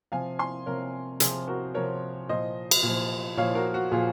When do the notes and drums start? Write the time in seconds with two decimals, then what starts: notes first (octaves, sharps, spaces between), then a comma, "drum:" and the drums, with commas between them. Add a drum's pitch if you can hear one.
0.12 C3 F3 F5 G#5
0.39 G#5 C6
0.66 C3 F3 A#4 C#5
1.20 C3 F3 G#4 C5, drum: hi-hat
1.48 F#4 A#4
1.74 C3 F3 A#4 C#5
2.29 A#2 F3 C5 D#5
2.71 drum: cymbal
2.83 A#2 F3
3.37 A#2 F3 C#5 F5
3.55 F#4 A#4
3.74 F#4
3.91 A#2 F3 F4 G#4